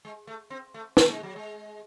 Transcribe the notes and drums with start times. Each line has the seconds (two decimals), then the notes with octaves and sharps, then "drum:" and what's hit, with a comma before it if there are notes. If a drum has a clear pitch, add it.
0.05 G#3
0.27 A3
0.50 C4
0.74 A3
0.97 A3, drum: snare
1.10 G#3
1.23 F#3
1.36 G#3